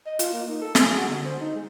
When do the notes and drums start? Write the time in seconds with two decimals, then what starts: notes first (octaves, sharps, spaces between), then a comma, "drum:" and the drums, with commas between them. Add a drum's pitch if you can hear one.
0.06 D#5
0.19 F4, drum: hi-hat
0.33 A#3
0.48 D#4
0.62 A4
0.75 G#4, drum: snare
0.97 F#4
1.09 D3
1.25 C5
1.40 D#4
1.55 G#3